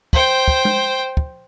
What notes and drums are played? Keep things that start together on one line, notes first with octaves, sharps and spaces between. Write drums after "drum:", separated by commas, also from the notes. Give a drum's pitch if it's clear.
C5 G5, drum: kick
drum: kick
drum: tom G#3
drum: kick